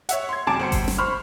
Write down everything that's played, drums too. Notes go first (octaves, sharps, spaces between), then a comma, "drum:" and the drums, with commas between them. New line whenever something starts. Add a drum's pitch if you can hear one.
C#5 E5 F#5, drum: hi-hat
C6 G#6
G#1 F#2 C3 A5 D6 D7
G1 C5 C#7
drum: kick G1, open hi-hat
drum: snare
C5 B5 C#6 F6